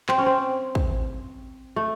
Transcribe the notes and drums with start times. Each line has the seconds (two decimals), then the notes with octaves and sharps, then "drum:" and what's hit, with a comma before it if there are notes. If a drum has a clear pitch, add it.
0.09 C4, drum: clap
0.18 C#4
0.26 C4
0.75 drum: kick
1.76 A3